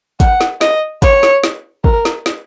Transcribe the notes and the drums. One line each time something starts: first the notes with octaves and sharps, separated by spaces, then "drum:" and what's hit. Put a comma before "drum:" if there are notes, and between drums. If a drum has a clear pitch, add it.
F#5, drum: kick, hi-hat
drum: snare
D#5, drum: snare
C#5, drum: kick, hi-hat
drum: snare
drum: snare
A#4, drum: kick
drum: snare
drum: snare